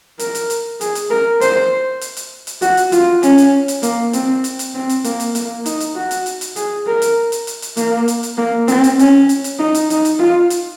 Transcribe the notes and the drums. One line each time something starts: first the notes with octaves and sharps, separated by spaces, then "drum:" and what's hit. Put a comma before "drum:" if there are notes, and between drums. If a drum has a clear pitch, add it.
A#4, drum: hi-hat
drum: hi-hat
drum: hi-hat
G#4, drum: hi-hat
drum: hi-hat
A#4
C5, drum: hi-hat
drum: hi-hat
drum: hi-hat
drum: hi-hat
F#4, drum: hi-hat
drum: hi-hat
F4, drum: hi-hat
C#4, drum: hi-hat
drum: hi-hat
drum: hi-hat
A#3, drum: hi-hat
C4, drum: hi-hat
drum: hi-hat
drum: hi-hat
C4
drum: hi-hat
A#3, drum: hi-hat
drum: hi-hat
A#3, drum: hi-hat
D#4, drum: hi-hat
drum: hi-hat
F#4
drum: hi-hat
drum: hi-hat
drum: hi-hat
G#4, drum: hi-hat
A#4
drum: hi-hat
drum: hi-hat
drum: hi-hat
drum: hi-hat
A#3, drum: hi-hat
drum: hi-hat
drum: hi-hat
A#3
C4, drum: hi-hat
drum: hi-hat
C#4, drum: hi-hat
drum: hi-hat
drum: hi-hat
D#4
drum: hi-hat
D#4, drum: hi-hat
drum: hi-hat
F4
drum: hi-hat